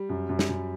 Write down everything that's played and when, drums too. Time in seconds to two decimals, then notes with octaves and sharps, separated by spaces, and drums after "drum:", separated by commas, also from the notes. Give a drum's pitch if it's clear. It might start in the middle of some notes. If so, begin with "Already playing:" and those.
Already playing: G3
0.09 F#2
0.29 F#2
0.39 drum: snare
0.49 F#2